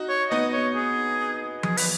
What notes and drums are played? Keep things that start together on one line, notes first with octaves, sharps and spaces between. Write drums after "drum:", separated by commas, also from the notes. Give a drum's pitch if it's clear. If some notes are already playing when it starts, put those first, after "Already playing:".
Already playing: D#4 F#4
C#5
B3 D#4 D#5
C#5
G#4
G#4, drum: tom F3
B4, drum: open hi-hat